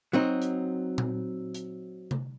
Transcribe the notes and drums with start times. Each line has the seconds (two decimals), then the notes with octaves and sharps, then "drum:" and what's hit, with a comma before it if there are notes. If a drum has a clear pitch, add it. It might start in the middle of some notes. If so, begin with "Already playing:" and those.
0.13 F#3 C4 D#4
0.42 drum: hi-hat
0.98 drum: tom A#2
1.55 drum: hi-hat
2.11 drum: tom C3